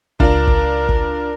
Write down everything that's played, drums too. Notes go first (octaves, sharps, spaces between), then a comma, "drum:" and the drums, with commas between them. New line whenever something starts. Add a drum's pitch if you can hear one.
C#2 D4 F4 A#4, drum: kick
drum: kick
drum: kick